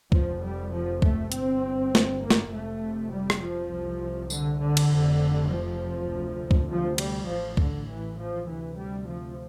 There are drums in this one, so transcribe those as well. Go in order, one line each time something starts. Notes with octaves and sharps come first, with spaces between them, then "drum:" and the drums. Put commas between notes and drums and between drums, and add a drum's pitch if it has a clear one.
F1 F2 C3 F3, drum: kick C#2
G3
F3
A3, drum: kick C#2
G1 G2 C4, drum: hi-hat
drum: snare
A#3
drum: snare
F1 F2 C3 A3
G3
drum: rim click
F3
C2 C3
D3, drum: tambourine
D3
drum: cymbal
F1 F2 C3
F3
D2 C3
drum: kick C#2
F3
G3, drum: cymbal
A1 A2 F3
D3, drum: kick C#2
E3
F3
D2 C3 E3
G3
F3